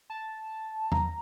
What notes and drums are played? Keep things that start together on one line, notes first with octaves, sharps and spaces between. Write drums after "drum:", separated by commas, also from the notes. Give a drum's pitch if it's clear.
A5
A#5, drum: tom E2